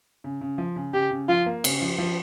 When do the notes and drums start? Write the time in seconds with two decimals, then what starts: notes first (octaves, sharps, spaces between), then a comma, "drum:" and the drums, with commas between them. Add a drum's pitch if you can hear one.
0.24 C#3
0.41 C#3
0.58 F3
0.76 C#3
0.93 C#3 G4
1.11 C#3
1.29 F3 F4
1.46 A#3
1.64 C#3, drum: cymbal
1.81 F3
1.98 F3